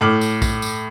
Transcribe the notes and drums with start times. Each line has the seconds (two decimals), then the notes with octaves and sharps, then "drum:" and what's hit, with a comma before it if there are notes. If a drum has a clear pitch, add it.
0.01 A2 A3 D6 F6 F#7
0.21 drum: tambourine
0.42 drum: kick A#1, tambourine
0.62 drum: tambourine